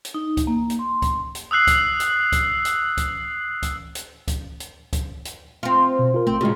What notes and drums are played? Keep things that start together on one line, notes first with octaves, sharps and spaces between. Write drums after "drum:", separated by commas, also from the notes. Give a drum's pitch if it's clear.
drum: hi-hat
D#4
drum: kick C#2, hi-hat
A#3
drum: hi-hat
C6
drum: kick C#2, hi-hat
drum: hi-hat
D#6 E6 F#6 C7 F#7
drum: kick C#2, hi-hat
drum: hi-hat
drum: kick C#2, hi-hat
drum: hi-hat
drum: kick C#2, hi-hat
drum: kick C#2, hi-hat
drum: hi-hat
drum: kick C#2, hi-hat
drum: hi-hat
drum: kick C#2, hi-hat
drum: hi-hat
C4 F4
B2
F4 A#4
G#1 A3 C4
A#2 C#3 G#3 F4 F#4